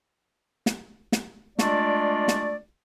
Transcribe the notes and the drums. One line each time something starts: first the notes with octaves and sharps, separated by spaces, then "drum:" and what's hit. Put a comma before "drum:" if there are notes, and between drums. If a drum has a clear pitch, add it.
drum: snare
drum: snare
G#3 A3 D4 F4 D5, drum: snare
drum: snare